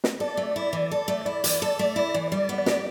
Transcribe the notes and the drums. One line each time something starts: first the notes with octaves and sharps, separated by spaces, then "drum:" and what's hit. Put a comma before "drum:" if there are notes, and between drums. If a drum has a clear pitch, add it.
drum: snare
A4 D5
A3
E4
E3
A4
A3
E4 D5
E3, drum: hi-hat
A4
A3
E4
E3
G3 D5
B3
D5
G4, drum: snare